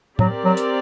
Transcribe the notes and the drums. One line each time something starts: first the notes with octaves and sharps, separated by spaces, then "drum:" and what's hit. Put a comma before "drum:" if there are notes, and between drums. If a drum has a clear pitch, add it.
F#3 C4 G4 A#4 D5, drum: tom
F#3
drum: hi-hat